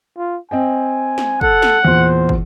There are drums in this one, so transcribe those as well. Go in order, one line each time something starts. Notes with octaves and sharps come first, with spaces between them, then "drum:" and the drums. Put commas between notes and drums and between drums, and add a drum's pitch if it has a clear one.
F4
C4 D#5 G5 G#5
drum: snare
A4 F#5, drum: kick
drum: snare
E2 A#2 C5
drum: kick